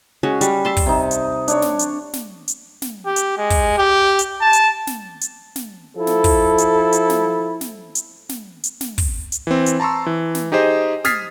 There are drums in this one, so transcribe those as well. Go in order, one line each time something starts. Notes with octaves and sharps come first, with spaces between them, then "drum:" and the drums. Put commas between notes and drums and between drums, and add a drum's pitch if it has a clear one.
G#3 C#4 F#4
G3, drum: hi-hat
E5 A5 C6
drum: kick, open hi-hat
C3 D#4
drum: hi-hat
D4 C#5, drum: hi-hat
drum: snare
drum: hi-hat
drum: snare
drum: hi-hat
drum: snare
G4
drum: hi-hat
G#3
drum: kick, open hi-hat
G4
drum: hi-hat
A5
drum: hi-hat
drum: snare
drum: hi-hat
drum: snare
F3 E4 A4
drum: snare
drum: kick, open hi-hat
drum: hi-hat
drum: hi-hat
drum: snare
drum: snare
drum: hi-hat
drum: snare
drum: hi-hat
drum: snare
drum: kick, open hi-hat
drum: hi-hat
E3 C4
drum: hi-hat
A5 A#5 C6 C#6 E6
E3
drum: snare
D#4 G4 G#4 C5 D#5
D#6 F6 G#6 A6 B6 C7, drum: snare